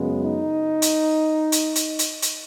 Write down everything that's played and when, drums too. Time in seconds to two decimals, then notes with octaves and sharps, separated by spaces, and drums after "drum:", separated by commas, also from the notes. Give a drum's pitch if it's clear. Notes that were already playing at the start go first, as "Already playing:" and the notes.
Already playing: F#2 C#3 G#3 B3
0.24 D#4
0.82 drum: hi-hat
1.52 drum: hi-hat
1.75 drum: hi-hat
1.99 drum: hi-hat
2.22 drum: hi-hat